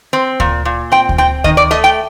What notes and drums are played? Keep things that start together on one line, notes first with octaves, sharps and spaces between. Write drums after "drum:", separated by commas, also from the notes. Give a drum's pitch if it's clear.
C4
A#2, drum: kick D2
A#2
C4 G5
drum: kick D2
C4 G5
D#3 D#5, drum: kick D2
D5
A3 D#5
G5